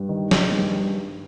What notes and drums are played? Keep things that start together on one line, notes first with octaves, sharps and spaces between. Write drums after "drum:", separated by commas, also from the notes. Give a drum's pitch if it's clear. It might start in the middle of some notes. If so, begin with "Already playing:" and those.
Already playing: G2
D#3
D#3, drum: snare
G2